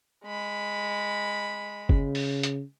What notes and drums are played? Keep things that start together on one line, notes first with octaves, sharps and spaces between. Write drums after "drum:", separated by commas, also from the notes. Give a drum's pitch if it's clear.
G#3 B5
C#3, drum: kick
drum: open hi-hat
drum: hi-hat